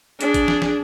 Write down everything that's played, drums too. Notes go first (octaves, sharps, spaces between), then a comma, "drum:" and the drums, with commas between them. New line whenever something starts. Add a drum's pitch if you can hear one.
D4 G#4, drum: hi-hat
drum: kick, hi-hat
drum: snare
drum: snare